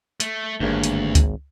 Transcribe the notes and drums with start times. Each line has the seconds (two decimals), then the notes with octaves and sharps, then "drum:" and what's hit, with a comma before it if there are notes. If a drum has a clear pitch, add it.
0.20 A3, drum: hi-hat
0.60 G#1 D2 G2 A#3
0.84 drum: hi-hat
1.15 drum: kick C#2, hi-hat